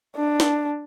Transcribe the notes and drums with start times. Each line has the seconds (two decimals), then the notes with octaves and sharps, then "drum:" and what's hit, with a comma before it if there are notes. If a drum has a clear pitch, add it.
0.16 D4
0.40 drum: snare